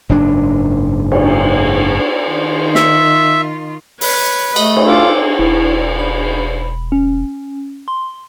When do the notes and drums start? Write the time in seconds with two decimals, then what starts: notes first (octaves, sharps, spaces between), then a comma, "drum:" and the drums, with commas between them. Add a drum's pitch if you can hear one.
0.09 F#1 G#2 D4
1.12 drum: cymbal
2.27 D#3 F4
2.75 E5, drum: snare
4.01 B4 C#5 B5, drum: open hi-hat
4.56 A3 D#5, drum: cymbal
4.77 drum: cymbal
4.86 F4 A4 D6
5.39 E1 E4
5.99 B5
6.92 C#4
7.88 C6